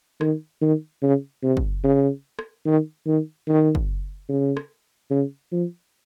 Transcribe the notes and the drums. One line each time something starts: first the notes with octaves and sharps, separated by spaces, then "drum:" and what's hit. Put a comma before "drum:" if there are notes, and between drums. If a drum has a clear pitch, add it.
D#3, drum: rim click
D#3
C#3
C3
drum: kick
C#3
drum: rim click
D#3
D#3
D#3
drum: kick
C#3
drum: rim click
C#3
F3